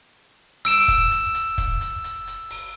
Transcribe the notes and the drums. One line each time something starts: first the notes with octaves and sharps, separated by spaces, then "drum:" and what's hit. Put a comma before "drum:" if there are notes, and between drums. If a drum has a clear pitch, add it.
E6 D7 E7, drum: open hi-hat
drum: kick, hi-hat
drum: hi-hat
drum: hi-hat
drum: kick, hi-hat
drum: hi-hat
drum: hi-hat
drum: hi-hat
drum: open hi-hat